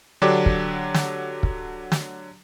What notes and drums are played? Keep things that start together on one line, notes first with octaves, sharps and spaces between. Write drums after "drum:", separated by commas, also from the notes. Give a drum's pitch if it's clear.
D3 F#3 D4 G4 D6
drum: kick
drum: snare
drum: kick
drum: snare